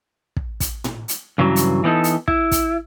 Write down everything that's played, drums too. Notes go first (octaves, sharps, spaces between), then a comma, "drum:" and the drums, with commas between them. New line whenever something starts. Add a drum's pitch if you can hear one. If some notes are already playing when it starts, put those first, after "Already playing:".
drum: kick
drum: kick, hi-hat
drum: tom A2
drum: hi-hat
G2 C#3 E3 F#3
drum: hi-hat
E3 B3 D#4 A4
drum: hi-hat
E4, drum: kick
drum: kick, hi-hat